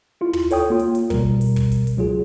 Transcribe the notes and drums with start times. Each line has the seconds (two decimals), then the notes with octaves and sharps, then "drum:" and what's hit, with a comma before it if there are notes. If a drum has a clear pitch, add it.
0.21 E4 F4
0.33 drum: tom
0.51 A4 C#5 G5 D#6, drum: open hi-hat
0.70 A#3 F4
0.79 drum: hi-hat
0.95 drum: hi-hat
1.10 B2 G3 A#4, drum: kick, hi-hat
1.41 drum: open hi-hat
1.56 drum: kick, hi-hat
1.72 drum: hi-hat
1.87 drum: hi-hat
1.97 C#2 F#3 F4 G#4